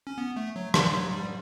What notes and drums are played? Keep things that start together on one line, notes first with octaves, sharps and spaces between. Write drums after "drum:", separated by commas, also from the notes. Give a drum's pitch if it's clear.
C#4
B3
A3
F#3
E3, drum: rim click
F#3
G3